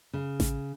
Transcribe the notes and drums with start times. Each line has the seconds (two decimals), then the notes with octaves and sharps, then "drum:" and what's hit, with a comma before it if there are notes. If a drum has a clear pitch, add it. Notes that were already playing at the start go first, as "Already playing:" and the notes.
0.13 C#3
0.40 drum: snare A1